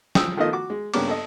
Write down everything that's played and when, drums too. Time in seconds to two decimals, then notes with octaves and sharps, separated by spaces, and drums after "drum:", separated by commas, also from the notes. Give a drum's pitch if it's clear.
0.15 F3 G5 D#6 E6, drum: snare
0.37 D#3 F3 A3 B3 F4 D#5
0.52 F#4 D6
0.70 G#3
0.94 G2 C#3 A#3 B3 C#4 D6, drum: cymbal
1.08 A4 D#5